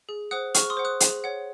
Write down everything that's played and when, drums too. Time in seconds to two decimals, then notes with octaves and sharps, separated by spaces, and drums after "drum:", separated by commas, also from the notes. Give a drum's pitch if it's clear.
0.09 G#4
0.31 C5 F#5 D#6 F#6
0.54 G#4 C#6 F6, drum: hi-hat
0.70 C6 D#6
0.77 C5 F#5
0.85 D#6 F#6
1.00 G#4, drum: hi-hat
1.24 C#5 F#5